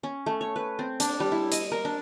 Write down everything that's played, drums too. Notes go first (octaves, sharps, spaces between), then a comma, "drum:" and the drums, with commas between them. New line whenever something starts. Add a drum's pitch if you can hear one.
C#4
A3
C#5
B4
C4
D4, drum: hi-hat
G3
E4
D#5, drum: hi-hat
A#4
D4